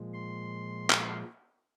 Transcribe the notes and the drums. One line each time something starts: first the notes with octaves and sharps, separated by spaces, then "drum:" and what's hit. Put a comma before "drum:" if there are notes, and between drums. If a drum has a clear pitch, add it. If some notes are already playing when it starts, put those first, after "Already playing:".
Already playing: A#2 F3 G#3
C6
drum: clap